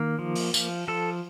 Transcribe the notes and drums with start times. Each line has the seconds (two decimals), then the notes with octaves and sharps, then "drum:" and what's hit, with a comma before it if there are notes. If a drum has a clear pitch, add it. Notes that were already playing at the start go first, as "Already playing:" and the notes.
Already playing: D#3 A#3
0.19 F3
0.35 drum: open hi-hat
0.54 F3, drum: tambourine
0.88 F3 A4